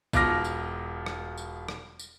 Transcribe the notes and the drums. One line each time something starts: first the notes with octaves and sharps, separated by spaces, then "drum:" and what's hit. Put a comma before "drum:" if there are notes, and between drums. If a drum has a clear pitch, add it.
E1 B2 F4 D6 F6 A#6, drum: kick, tambourine
drum: tambourine
drum: rim click
drum: tambourine
drum: rim click
drum: tambourine